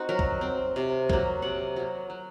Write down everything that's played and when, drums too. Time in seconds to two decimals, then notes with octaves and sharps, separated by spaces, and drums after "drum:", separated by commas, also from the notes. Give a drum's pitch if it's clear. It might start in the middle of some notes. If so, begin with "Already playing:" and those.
Already playing: C4 D#4 F#4
0.09 F#3 A#4
0.19 drum: kick
0.41 C4
0.76 C3
1.10 F#3 A#3, drum: kick
1.42 C3 F#5
1.76 F#3 A#3
2.10 F#3